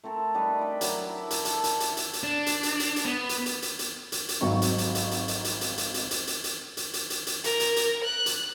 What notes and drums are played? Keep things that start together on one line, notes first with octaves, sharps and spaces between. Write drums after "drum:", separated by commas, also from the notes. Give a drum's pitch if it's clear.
A3 C4 A4 A#4
G3 A3 D#4 B4
D4 E4 G5 B5
F#3 A#4 A#5, drum: hi-hat
E4
drum: hi-hat
A4, drum: hi-hat
drum: hi-hat
drum: hi-hat
drum: hi-hat
drum: hi-hat
D4
drum: hi-hat
drum: hi-hat
drum: hi-hat
drum: hi-hat
B3
drum: hi-hat
drum: hi-hat
drum: hi-hat
drum: hi-hat
drum: hi-hat
drum: hi-hat
G#1 F2 F#3 C4 D#4 C#6
drum: hi-hat
drum: hi-hat
drum: hi-hat
drum: hi-hat
drum: hi-hat
drum: hi-hat
drum: hi-hat
drum: hi-hat
drum: hi-hat
drum: hi-hat
drum: hi-hat
drum: hi-hat
drum: hi-hat
drum: hi-hat
drum: hi-hat
drum: hi-hat
A#4, drum: hi-hat
drum: hi-hat
drum: hi-hat
F#6
drum: hi-hat